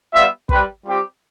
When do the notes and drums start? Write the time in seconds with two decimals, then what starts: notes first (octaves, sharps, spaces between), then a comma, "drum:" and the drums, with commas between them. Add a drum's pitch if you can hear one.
0.13 G3 B3 F4 E5
0.49 G3 C4 G4 B4, drum: kick
0.86 G3 C4 F4 G4